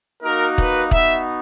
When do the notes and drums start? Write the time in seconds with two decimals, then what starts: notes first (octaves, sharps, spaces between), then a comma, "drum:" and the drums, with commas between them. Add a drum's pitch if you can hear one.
0.22 A#3 D#4 F#4 A#4
0.58 B4, drum: kick
0.91 B3 D#4 F#4 E5, drum: kick